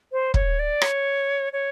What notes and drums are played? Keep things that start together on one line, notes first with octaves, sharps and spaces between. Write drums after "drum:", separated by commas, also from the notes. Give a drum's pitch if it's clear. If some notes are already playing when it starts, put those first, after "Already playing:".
C5
C#5, drum: kick
D5
C#5, drum: rim click
C#5